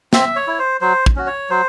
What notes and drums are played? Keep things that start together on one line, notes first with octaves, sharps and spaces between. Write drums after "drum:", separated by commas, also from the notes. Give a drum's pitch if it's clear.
C4 E5, drum: snare
C#5
E4
C5
F#3 C5
drum: kick
C#4 F#4
C#5
F#3 C5